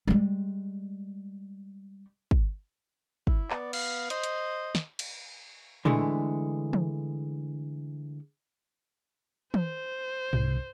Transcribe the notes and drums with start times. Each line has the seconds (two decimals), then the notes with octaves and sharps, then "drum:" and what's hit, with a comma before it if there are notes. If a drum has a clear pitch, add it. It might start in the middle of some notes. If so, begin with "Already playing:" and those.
0.07 G3 G#3
2.31 drum: kick
3.27 E4, drum: kick
3.51 B3 D5, drum: clap
3.73 F5, drum: cymbal
4.10 C5 D#5, drum: hi-hat
4.24 drum: hi-hat
4.75 drum: snare
4.99 drum: cymbal
5.85 D3 E3 G#3 A3, drum: tom
6.73 drum: tom
9.54 C5, drum: tom
10.33 C2 C3, drum: tom